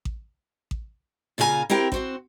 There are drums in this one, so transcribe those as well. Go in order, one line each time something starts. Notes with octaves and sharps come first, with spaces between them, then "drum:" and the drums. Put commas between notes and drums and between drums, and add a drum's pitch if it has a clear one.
drum: kick A1
drum: kick A1
A#2 C#3 F4 F#4 G#5 A#5
C4 E4 G4 A#4 G5
C4 F#4 C5, drum: kick A1